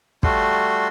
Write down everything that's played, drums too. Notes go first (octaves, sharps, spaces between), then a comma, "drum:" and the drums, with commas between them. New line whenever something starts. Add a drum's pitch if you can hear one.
G3 A3 F#4 C6, drum: kick